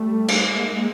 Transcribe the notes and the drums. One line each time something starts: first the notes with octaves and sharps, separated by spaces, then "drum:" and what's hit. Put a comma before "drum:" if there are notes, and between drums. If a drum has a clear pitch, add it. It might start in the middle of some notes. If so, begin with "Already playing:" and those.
Already playing: G3 A3
drum: cymbal
G#3 A#3